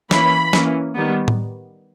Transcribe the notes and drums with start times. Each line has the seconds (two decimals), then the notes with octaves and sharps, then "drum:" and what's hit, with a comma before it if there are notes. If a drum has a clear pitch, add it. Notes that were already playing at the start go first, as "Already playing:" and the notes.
0.11 E3 A#3 C#4 B5, drum: snare
0.53 E3 A#3 C#4, drum: snare
0.95 D#3 G3 B3
1.28 drum: tom A2